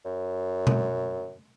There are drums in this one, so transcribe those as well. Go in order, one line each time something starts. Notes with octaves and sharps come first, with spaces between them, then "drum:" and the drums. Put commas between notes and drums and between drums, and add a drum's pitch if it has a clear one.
F#2
drum: tom B2